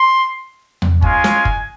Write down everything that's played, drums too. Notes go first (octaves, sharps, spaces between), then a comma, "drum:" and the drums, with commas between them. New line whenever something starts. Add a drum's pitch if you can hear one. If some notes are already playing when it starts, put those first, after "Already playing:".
Already playing: C6
drum: tom E2
G#3 C#4 F4 G#5, drum: kick
drum: snare
drum: kick